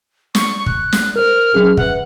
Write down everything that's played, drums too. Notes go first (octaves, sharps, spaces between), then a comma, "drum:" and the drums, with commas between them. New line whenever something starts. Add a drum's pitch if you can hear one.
C#6, drum: snare
F#6, drum: kick
drum: snare
A#4 C5 F6
F#3 C#4 G#4
B4 E5 F#5, drum: kick